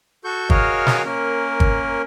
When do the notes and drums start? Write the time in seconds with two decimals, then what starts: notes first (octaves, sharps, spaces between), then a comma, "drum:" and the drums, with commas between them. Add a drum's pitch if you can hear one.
0.24 F#4 A4 C#6 G6
0.50 F#4 G#4 A#4 C#5 D#5 F5, drum: kick G1
0.86 drum: snare
1.05 A#3 C#4 A#4
1.60 drum: kick G1